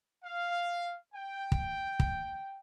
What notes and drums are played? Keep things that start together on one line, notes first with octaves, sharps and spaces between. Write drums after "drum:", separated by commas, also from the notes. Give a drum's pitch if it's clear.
F5
G5
drum: kick
drum: kick